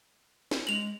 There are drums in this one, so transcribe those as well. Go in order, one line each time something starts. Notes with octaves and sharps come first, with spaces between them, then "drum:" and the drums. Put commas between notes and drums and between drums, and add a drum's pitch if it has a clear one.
drum: snare
G#3 F7 F#7